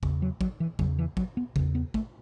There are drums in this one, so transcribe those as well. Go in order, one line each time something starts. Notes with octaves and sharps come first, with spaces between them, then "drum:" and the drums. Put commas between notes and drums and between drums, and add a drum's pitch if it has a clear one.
E2 C#3, drum: kick
F#3
F#3, drum: kick
E3
E2 C#3 F#3, drum: kick
E3
F#3, drum: kick
B3
E2 C#3, drum: kick
B3
A3, drum: kick